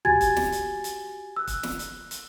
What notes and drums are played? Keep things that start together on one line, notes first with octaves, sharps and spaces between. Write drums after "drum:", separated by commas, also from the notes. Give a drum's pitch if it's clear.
F#4 G4 G#5 G#6 A6, drum: tom
drum: kick, hi-hat
drum: snare
drum: hi-hat
drum: hi-hat
E6 F#6
drum: kick, hi-hat
drum: snare
drum: hi-hat
drum: hi-hat